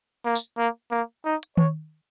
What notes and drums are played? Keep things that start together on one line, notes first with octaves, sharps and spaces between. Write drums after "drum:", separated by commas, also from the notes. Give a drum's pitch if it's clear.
A#3
drum: tambourine
A#3
A#3
D#4
drum: hi-hat
C#5, drum: tom D#3